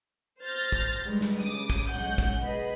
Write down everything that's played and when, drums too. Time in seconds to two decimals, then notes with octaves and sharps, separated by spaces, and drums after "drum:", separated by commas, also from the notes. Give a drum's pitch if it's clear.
0.42 C5 F6 G6 A6 A#6
0.72 drum: kick
1.05 G2 G3 G#3
1.21 drum: snare
1.40 C#3 D6 D#6
1.70 drum: kick, hi-hat
1.90 B1 G#3 C#4 F#5 G6
2.18 drum: kick, hi-hat
2.43 G#4 B4 D#5 B5